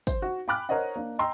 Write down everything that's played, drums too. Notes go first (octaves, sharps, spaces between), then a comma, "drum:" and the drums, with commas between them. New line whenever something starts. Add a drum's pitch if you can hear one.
C5, drum: kick, tambourine
F#4
G5 G#5 B5 D6 F6 F#6
A#4 C5 C#5 D#5 F#5
A#3 D4
D#5 G5 A#5 C6 E6